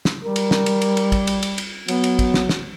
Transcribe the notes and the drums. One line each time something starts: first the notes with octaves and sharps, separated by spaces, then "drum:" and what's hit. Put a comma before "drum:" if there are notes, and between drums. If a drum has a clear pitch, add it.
drum: snare
G3 A#4
drum: cymbal
drum: snare
drum: cymbal
drum: cymbal
drum: cymbal
drum: kick, cymbal
drum: cymbal
drum: cymbal
drum: cymbal
F#3 B3, drum: cymbal
drum: cymbal
drum: kick, cymbal
drum: snare
drum: snare